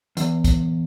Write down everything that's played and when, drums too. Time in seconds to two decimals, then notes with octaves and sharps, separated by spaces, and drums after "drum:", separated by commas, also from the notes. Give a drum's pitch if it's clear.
0.17 E2, drum: hi-hat
0.44 drum: kick, hi-hat